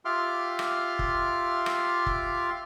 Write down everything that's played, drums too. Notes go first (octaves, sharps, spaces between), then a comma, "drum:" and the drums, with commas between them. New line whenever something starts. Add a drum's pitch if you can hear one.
F4 G4 E5 C6 D6 F6
drum: rim click
drum: kick F1
drum: rim click
drum: kick F1